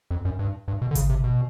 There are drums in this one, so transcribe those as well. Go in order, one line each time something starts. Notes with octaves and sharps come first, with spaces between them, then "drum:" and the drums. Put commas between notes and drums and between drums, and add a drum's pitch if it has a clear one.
F2
F#2
G2
G2
B2
D3
C#3, drum: kick G#1, hi-hat
C3
B2